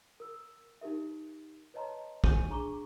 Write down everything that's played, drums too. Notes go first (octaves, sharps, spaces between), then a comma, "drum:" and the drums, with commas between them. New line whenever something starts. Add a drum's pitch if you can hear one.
A#4 E6
D#4 G4 A#4 E5
B4 C#5 D#5 A5 A#5 C6
G#5 C#6 G6 D#7 G7, drum: kick
D4 G#4 A#5 C#6 D6 G7